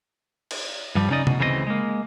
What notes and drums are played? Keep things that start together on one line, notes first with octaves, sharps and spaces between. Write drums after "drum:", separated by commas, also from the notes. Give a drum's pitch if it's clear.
drum: cymbal
G2 F3 G3
C#3 C#4 D#4 D5 D#5
B2, drum: tom C3
D2 C#3 E3 C4 A4 D#5
G#3 A#3